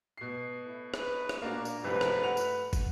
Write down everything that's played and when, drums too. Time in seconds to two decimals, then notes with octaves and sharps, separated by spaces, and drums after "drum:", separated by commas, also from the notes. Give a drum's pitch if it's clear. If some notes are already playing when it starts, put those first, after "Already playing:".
0.17 B2 C7
0.65 A2 A3 E4
0.94 D#4 B4, drum: rim click
1.29 drum: rim click
1.42 A#2 A#3 D4 F#4
1.65 drum: tambourine
1.84 C2 G2 F3 A3 B4
2.01 drum: rim click
2.24 F#5 F7
2.37 drum: tambourine
2.73 drum: kick, tambourine